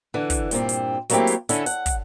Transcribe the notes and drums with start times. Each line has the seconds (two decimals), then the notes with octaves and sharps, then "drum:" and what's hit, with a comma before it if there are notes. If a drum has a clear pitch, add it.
0.14 D3 E3
0.30 drum: kick, hi-hat
0.51 G2 A#2 C4, drum: hi-hat
0.69 drum: hi-hat
1.10 F#3 A3 A#3 C4 E4 G4, drum: hi-hat
1.27 drum: hi-hat
1.49 D3 C#4 E4 A4, drum: hi-hat
1.66 F#5, drum: hi-hat
1.86 drum: kick, hi-hat